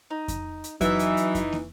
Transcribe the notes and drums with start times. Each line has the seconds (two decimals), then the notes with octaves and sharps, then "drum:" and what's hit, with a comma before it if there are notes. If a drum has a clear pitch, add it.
0.10 D#4
0.28 drum: kick F2, hi-hat
0.64 drum: hi-hat
0.81 E3 F#3 D#4 E5, drum: kick F2, hi-hat
0.99 drum: hi-hat
1.17 drum: hi-hat
1.35 drum: kick F2, hi-hat
1.52 drum: snare